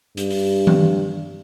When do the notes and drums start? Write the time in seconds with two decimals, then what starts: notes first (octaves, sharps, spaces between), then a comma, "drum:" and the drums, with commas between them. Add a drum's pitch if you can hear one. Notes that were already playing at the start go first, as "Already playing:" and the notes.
0.17 G2, drum: hi-hat
0.30 drum: open hi-hat
0.67 drum: tom D#3